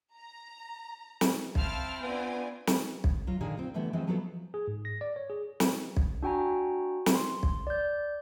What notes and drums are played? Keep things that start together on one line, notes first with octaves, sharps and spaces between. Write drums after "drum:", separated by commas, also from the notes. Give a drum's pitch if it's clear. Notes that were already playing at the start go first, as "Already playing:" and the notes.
A#5
drum: snare
C4 E4 F5 G5 A5 F6, drum: kick B1
B3 D4 F4 G#5
drum: snare
drum: kick B1
F#3 F4
A#2 D3 D#3 A#3 G#4 G#5
C4 F4
D3 E3 G3 A3 B3
E3 F3 G#3 C4 C#4
F3 F#3 B3 F4 G#4 A4
G#4
G#2
A#6
D5
C#5
G#4
drum: snare
drum: kick B1
D4 F#4 G5 G#5 A#5
drum: snare
C6
drum: kick B1
D5 G6